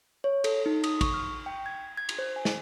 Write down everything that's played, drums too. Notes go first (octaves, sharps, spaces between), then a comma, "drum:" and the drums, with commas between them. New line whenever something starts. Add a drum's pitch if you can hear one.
C#5
A4, drum: cymbal
D#4
D#6, drum: cymbal
C#6, drum: kick, cymbal
F6
G5
G#6
G#6
drum: cymbal
C5
G#5
drum: snare